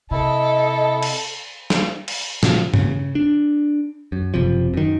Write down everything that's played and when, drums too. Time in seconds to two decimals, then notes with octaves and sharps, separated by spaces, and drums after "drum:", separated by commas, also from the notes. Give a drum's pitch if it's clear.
0.11 C3 E4 A4 D#5
1.03 drum: cymbal
1.70 drum: snare
2.08 drum: cymbal
2.43 A#2 C#3 F3 F#3, drum: snare
2.74 C#3, drum: tom G2
3.15 D4
4.12 F#2
4.34 F#1 C3 F3
4.74 F#2 D#3